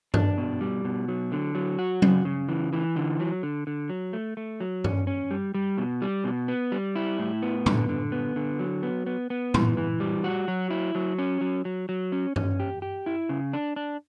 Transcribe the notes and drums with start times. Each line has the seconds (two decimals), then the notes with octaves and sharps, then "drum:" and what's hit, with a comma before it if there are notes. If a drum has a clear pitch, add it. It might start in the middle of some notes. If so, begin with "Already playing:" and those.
0.14 D4, drum: tom G2
0.38 B2
0.61 G3
0.85 B2
1.08 F#3
1.32 D3
1.55 F#3
1.79 F#4
2.02 C#3, drum: tom F#3
2.25 C#3
2.49 E3
2.73 E3
2.96 D3
3.20 F#3
3.43 D3
3.67 D3
3.89 F#3
4.13 A3
4.37 A3
4.60 F#3
4.84 C#4, drum: tom G2
5.07 C#4
5.31 G3
5.54 G3
5.78 B2
6.02 G3
6.24 B2
6.48 B3
6.72 G3
6.96 E4
7.19 A2
7.42 B3
7.66 D3, drum: tom A2
7.89 D3
8.12 B3
8.36 D3
8.59 F#3
8.83 B3
9.07 B3
9.30 B3
9.54 E3, drum: tom A2
9.77 E3
10.00 G3
10.24 F#4
10.48 F#3
10.70 E4
10.95 F#3
11.19 C#4
11.41 F#3
11.65 F#3
11.89 F#3
12.12 C#4
12.36 C#4, drum: tom G2
12.60 G4
12.82 G4
13.06 E4
13.29 C#3
13.53 D4
13.76 D4